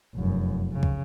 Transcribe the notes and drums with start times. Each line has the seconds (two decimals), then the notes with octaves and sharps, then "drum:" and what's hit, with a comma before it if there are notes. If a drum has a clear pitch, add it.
0.15 F1 F#2
0.72 C#3
0.83 drum: kick